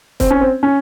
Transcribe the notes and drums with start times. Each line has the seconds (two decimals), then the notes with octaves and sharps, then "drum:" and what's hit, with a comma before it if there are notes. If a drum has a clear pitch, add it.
0.20 C4, drum: kick, hi-hat
0.31 C#4
0.41 C4
0.63 C#4